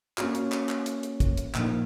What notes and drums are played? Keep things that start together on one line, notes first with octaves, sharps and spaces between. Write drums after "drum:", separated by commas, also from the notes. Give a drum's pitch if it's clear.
A#3 C#4 F#4, drum: clap
drum: hi-hat
drum: clap
drum: clap
drum: hi-hat
drum: hi-hat
drum: kick, hi-hat
drum: hi-hat
A#2 F3 A#3 D#4, drum: clap